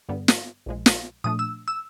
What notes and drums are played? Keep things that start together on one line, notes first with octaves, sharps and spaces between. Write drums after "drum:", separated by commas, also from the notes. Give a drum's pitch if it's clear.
G2 D3 G3 B3
drum: snare
A#1 A#2 F3 G#3
drum: snare
A#2 F3 A3 D4 D#6
E6
E6